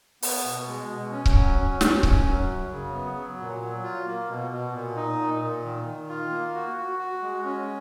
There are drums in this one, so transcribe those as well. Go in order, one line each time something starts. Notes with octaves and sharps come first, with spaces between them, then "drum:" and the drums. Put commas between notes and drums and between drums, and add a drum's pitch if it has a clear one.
B3, drum: open hi-hat
B2
G#3
B2
C#4
drum: kick C#1
F#3
C#4
C#4, drum: snare
F#2, drum: kick C#1
F#3
F#2
C#3
B3
F#3
A#2
F#3
F4
A#3
B2
B2
A#2
D#4
A#2
A#2
D#3
D#3
F4
A#3
F#4
F#4
F#4
G#3
C#4